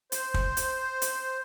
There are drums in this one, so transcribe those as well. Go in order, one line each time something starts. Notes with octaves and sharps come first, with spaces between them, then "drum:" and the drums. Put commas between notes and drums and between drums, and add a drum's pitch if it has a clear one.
C5, drum: hi-hat
drum: kick
drum: hi-hat
drum: hi-hat